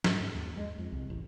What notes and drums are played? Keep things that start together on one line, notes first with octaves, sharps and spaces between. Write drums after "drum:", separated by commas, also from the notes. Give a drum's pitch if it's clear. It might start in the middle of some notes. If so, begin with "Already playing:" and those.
G#2, drum: snare
G2
D#2
G#3
F2
C2
A1